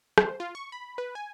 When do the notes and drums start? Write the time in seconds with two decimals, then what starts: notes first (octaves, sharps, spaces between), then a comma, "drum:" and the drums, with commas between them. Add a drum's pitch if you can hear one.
0.18 C5, drum: rim click
0.40 F4
0.55 C#6
0.72 B5
0.98 B4
1.15 G#5